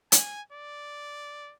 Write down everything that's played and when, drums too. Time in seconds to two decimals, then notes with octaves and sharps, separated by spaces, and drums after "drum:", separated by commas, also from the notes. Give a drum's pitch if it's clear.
0.12 G#5, drum: hi-hat
0.52 D5